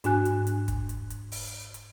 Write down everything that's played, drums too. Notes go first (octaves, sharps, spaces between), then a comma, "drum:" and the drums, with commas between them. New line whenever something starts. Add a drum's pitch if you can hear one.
G#2 D4 F#4 G#5 F#6, drum: hi-hat
drum: hi-hat
drum: hi-hat
drum: kick, hi-hat
drum: hi-hat
drum: hi-hat
drum: open hi-hat
drum: hi-hat